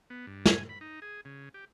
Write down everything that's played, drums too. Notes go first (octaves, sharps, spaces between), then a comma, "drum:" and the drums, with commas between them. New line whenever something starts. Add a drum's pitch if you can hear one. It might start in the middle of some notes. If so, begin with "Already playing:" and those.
B3
G2
G#5, drum: snare
B5
D#4
G#4
C#3
G4